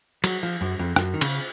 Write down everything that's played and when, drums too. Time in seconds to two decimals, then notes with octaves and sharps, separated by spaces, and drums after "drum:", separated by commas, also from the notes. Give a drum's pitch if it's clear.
0.24 F#3, drum: cymbal
0.43 F3
0.61 F#2
0.79 F2
0.96 F#2, drum: rim click
1.14 D#3
1.21 C#3, drum: cymbal